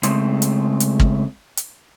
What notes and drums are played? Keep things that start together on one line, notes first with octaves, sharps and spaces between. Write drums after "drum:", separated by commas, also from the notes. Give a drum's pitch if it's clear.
C#3 G#3 A3 C4, drum: hi-hat
drum: hi-hat
drum: hi-hat
drum: kick
drum: hi-hat